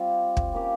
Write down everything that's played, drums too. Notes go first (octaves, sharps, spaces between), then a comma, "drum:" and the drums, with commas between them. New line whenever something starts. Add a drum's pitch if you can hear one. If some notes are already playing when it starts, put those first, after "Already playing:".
Already playing: G3 C4 F4
drum: kick
G3 A#3 C#4 G4